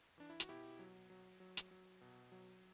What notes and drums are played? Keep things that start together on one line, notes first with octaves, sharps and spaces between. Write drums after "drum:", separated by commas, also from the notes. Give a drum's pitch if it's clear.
E3 D4
E4
F#4, drum: hi-hat
B2 E4 G4
F#3
F#3
F#3
drum: hi-hat
F#3
B2
F#3